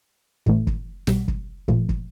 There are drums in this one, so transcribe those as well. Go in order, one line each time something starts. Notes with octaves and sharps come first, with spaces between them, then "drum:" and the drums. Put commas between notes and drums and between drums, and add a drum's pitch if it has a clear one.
A2 E3 A3, drum: kick
drum: kick
B1 B2 G3, drum: snare
drum: kick
A#2 F3 A3, drum: kick
drum: kick